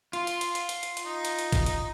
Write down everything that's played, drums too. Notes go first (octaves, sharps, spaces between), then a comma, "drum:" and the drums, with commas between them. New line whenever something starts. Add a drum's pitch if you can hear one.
F4, drum: hi-hat
drum: hi-hat
drum: hi-hat
drum: hi-hat
drum: hi-hat
drum: hi-hat
drum: hi-hat
D#4
drum: hi-hat
drum: hi-hat
drum: kick, hi-hat
drum: hi-hat